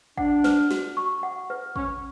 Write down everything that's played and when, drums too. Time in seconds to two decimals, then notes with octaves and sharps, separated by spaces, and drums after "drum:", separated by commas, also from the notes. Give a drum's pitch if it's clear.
0.18 D4 F#5, drum: kick G#1
0.44 B4, drum: snare
0.71 F#4, drum: snare
0.97 C#6
1.23 F#5
1.50 B4
1.76 C#4 C#6, drum: kick G#1